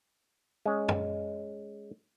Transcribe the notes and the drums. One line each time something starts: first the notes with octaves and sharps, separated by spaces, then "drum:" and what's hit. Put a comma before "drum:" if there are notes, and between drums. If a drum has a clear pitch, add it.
G#3 C#4
drum: tom